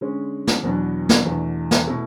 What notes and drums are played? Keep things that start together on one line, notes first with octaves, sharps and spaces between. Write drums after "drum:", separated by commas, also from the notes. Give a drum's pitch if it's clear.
D3 G#3 C#4
drum: snare
E2 B2 F#3 B3 D4
drum: snare
E2 B2 A3 D4
drum: snare
B2 A3 E4